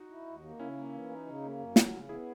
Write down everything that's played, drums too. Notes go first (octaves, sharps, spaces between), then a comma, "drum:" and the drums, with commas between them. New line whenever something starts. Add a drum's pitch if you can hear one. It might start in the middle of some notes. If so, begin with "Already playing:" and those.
Already playing: D#4 F#4
E4
D#2
A#3
C#3 C#4 E4
A#3
E3
D#4
C#3
A#3
F#2
F#3, drum: snare
C#3
B3 E4 G#4